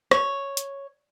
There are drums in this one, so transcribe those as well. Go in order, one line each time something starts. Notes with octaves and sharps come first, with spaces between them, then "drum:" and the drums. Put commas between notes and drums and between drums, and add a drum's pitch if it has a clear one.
C#5, drum: rim click
drum: hi-hat